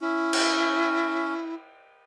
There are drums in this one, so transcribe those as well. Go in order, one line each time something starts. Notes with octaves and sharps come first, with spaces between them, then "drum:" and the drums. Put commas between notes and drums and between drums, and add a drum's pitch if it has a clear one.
C#4 E4
drum: cymbal